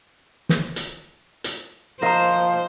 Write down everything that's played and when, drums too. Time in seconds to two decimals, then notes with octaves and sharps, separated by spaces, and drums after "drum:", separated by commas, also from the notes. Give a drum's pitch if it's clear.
0.49 drum: snare
0.76 drum: hi-hat
1.44 drum: hi-hat
2.02 F3 F4 A#4 C5 D#5 F5 A#5